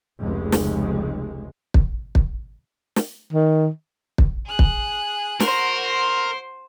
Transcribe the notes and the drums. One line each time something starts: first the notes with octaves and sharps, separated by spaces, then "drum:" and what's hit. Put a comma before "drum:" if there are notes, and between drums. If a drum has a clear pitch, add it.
F1 C#2 G#3
drum: snare
drum: kick
drum: kick
drum: snare
D#3
drum: kick
G#4 F#6
drum: kick
F#4 A#4 C5 C6, drum: snare